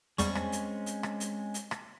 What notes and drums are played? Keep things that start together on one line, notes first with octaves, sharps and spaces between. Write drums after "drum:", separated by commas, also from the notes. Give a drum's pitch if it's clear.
E2 G3 G#3 C4 C#4 C#6, drum: hi-hat
drum: rim click
drum: hi-hat
drum: hi-hat
drum: rim click
drum: hi-hat
drum: hi-hat
drum: rim click